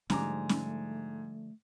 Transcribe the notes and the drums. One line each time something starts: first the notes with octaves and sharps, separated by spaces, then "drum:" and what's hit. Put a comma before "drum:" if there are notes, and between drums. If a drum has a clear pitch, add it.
G#2 D3 F3 G3 A3 A#5 D6, drum: snare C#4
drum: snare C#4